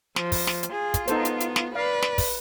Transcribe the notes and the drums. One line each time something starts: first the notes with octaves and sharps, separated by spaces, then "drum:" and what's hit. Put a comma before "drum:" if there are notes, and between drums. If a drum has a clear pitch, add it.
F3, drum: snare
drum: kick, open hi-hat
drum: snare
drum: hi-hat
F4 G#4
drum: kick, hi-hat
B3 D#4 A4 C5, drum: hi-hat
drum: hi-hat
drum: hi-hat
drum: snare
B4 D5 F5
drum: snare
drum: kick, open hi-hat